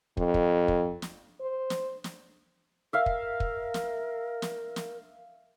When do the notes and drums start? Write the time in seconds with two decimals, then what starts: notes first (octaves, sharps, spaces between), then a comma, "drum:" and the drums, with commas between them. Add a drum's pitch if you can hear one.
0.17 F2, drum: kick
0.34 drum: kick
0.68 drum: kick
1.02 drum: snare
1.41 C5
1.70 drum: snare
2.04 drum: snare
2.93 A#4 E5 F5
3.06 drum: kick
3.40 drum: kick
3.74 drum: snare
4.42 drum: snare
4.76 drum: snare